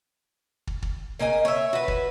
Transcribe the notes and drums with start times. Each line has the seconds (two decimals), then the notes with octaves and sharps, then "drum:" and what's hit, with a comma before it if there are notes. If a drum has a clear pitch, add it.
0.67 drum: kick
0.82 drum: kick
1.19 C#3 A#3 D#5 G#5
1.45 C#5 E5
1.73 F#4 B4
1.88 drum: kick